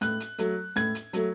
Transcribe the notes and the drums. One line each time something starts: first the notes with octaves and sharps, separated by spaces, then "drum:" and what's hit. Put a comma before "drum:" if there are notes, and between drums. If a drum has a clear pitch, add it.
A2 F#6, drum: hi-hat
drum: hi-hat
F#3 A3, drum: hi-hat
A2 G#6, drum: hi-hat
drum: hi-hat
F#3 A3, drum: hi-hat